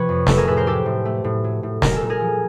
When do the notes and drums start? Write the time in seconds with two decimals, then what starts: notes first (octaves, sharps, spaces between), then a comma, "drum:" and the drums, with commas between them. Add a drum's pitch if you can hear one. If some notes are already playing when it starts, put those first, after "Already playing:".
Already playing: C3 F3 B4 C#5
0.09 F2
0.27 A3 A4 B4, drum: snare
0.38 G#4 A#4
0.47 A2 A4 B4
0.57 A#4 C5
0.66 F#3 G4 A4
0.86 A2
1.05 A3
1.24 A2
1.44 F#3
1.63 A2
1.82 G#3 A#4, drum: snare
1.96 A#2 A4
2.10 G#4 A#4
2.21 F3